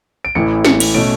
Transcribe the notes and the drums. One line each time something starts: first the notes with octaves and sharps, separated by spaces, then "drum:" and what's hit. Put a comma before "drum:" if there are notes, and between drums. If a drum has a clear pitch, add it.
D7
A1 A2 E3 C#7
C#7, drum: snare
drum: cymbal
B2 A3 C#4 D7